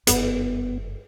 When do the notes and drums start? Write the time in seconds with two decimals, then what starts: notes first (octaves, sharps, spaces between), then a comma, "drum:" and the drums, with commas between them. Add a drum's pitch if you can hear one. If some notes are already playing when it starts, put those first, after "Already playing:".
0.07 F#1 G2 B3, drum: hi-hat